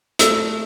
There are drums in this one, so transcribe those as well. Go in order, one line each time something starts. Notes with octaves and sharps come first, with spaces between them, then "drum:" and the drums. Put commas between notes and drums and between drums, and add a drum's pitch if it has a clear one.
A3 E6, drum: hi-hat